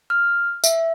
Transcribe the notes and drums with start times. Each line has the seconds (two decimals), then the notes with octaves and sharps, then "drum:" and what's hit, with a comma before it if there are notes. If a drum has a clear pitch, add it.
0.10 F6
0.64 E5, drum: tambourine